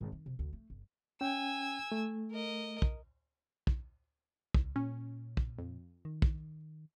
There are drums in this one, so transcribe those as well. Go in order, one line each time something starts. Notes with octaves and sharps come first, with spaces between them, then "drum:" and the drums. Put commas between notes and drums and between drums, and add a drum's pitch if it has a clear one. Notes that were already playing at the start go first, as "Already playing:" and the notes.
G#1 D#3
D#3
C3
D2
A3
G1
C#4 G5 G#5 E6
A3
A#4 D#5
drum: kick
drum: kick
C#2, drum: kick
A#2 C#4
drum: kick
F2
D#3
drum: kick